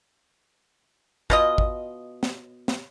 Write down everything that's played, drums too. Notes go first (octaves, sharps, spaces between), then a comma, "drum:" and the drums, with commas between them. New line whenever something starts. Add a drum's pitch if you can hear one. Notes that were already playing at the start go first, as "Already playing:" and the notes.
B2 F4 D#5, drum: kick
drum: kick
drum: snare
drum: snare